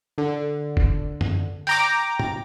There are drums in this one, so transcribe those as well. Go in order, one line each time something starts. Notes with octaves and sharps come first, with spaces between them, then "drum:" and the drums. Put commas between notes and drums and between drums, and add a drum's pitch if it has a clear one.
D3
drum: kick F1
drum: tom F#2
G5 A#5 D6, drum: open hi-hat
drum: tom A2